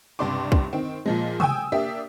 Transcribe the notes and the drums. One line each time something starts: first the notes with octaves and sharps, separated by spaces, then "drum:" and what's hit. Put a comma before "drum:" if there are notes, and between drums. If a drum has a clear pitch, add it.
C#2 G2 C3 D4 C6 D6
drum: kick
D#3 C4
A#2 F3 G#3
G5 G#5 D#6 E6, drum: tom C3
A#3 D4 G4 E5